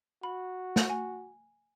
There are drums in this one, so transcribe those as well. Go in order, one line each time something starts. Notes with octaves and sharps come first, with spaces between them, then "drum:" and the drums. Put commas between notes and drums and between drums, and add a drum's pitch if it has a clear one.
F#4 B5
drum: snare
G#5